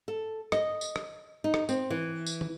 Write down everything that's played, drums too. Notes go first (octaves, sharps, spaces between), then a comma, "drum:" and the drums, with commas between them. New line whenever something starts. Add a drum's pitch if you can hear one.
A4
D#5, drum: rim click
drum: tambourine
drum: rim click
D#4
drum: rim click
C4, drum: tambourine
E3
drum: tambourine
drum: tom